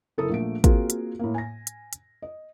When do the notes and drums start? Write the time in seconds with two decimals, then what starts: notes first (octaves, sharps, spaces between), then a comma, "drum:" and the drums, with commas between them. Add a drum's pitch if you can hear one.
0.18 F#1 E4 A4 A#4 D#6
0.30 A#1 A3 A#3 D7
0.64 A#3 C4 F4 F#4 G#4 A#4, drum: kick, hi-hat
0.90 drum: hi-hat
1.19 A2 A#3
1.34 G#5 A#6
1.67 drum: hi-hat
1.93 drum: hi-hat
2.22 D#5